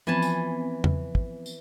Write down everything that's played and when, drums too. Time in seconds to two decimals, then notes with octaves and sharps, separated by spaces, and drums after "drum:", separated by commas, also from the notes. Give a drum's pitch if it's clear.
0.07 E3 F3 B3 C4 G#5 A5
0.22 drum: tambourine
0.84 drum: tom
1.15 drum: kick
1.46 drum: tambourine